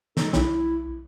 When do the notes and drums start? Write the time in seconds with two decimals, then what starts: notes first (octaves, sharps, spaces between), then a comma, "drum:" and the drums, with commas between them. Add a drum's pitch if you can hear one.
0.17 G#3 D#4 A4, drum: snare
0.33 B1 E4, drum: snare